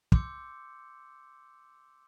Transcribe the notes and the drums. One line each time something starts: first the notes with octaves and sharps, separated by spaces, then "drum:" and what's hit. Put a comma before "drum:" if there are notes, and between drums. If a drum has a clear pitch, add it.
C6 D6 E6 G6 C#7, drum: kick